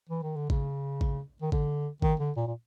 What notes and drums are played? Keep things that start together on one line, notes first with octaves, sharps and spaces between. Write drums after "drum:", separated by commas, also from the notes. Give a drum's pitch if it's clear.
E3
D#3
D3
C#3, drum: kick
drum: kick
D#3
D3, drum: kick
D#3, drum: kick
D3
A#2
A#2